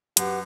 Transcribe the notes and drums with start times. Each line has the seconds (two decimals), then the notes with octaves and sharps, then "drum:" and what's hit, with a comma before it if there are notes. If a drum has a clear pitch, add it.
0.17 F#2 G4 B4 F#5, drum: hi-hat